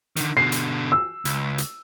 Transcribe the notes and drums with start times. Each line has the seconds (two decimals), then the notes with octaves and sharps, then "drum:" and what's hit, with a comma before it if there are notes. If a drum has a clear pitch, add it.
0.16 D3 D#3, drum: hi-hat
0.37 B2 D3 C7
0.52 drum: hi-hat
0.92 E6
1.25 C#2, drum: hi-hat
1.58 drum: hi-hat